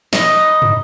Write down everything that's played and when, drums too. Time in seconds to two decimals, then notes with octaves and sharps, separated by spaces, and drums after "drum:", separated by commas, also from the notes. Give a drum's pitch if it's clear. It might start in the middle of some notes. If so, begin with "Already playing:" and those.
0.13 D#4 B4 D#5, drum: snare
0.62 drum: tom